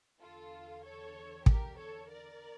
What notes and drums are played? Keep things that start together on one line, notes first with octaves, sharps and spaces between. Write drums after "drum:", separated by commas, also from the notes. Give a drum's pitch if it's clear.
E2 D3 F4 A4
A4 C#5
G4 A#4, drum: kick
A4 C#5
A#4 D5